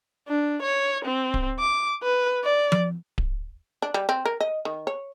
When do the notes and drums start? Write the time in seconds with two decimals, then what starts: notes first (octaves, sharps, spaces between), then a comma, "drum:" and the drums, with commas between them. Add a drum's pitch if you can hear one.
0.28 D4
0.63 C#5
1.05 C4
1.34 drum: kick D1
1.59 D6
2.03 B4
2.44 D5
2.72 drum: tom F3
3.18 drum: kick D1
3.82 D4
3.94 G3
4.09 C4
4.25 A#4
4.40 D#5
4.65 D#3
4.87 C#5